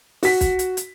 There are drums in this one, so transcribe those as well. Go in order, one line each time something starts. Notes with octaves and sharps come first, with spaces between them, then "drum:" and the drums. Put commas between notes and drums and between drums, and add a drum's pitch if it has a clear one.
F#4 B6, drum: open hi-hat
drum: kick, hi-hat
drum: hi-hat
drum: hi-hat